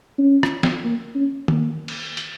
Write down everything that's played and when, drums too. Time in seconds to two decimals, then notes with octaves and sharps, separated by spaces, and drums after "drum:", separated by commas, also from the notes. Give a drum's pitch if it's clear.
0.18 C#4
0.43 drum: rim click
0.63 drum: snare
0.84 A#3
1.15 C#4
1.48 A#3, drum: tom D#3
1.88 drum: cymbal
2.17 drum: hi-hat